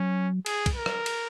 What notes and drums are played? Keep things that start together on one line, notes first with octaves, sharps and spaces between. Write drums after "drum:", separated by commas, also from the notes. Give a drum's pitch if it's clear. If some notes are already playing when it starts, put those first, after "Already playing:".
Already playing: F#3 C#4
G#4, drum: cymbal
drum: kick, cymbal
A#4
drum: rim click
drum: cymbal